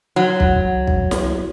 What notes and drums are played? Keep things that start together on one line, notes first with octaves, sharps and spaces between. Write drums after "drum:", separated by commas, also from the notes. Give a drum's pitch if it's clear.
F#3
drum: kick
drum: kick
drum: snare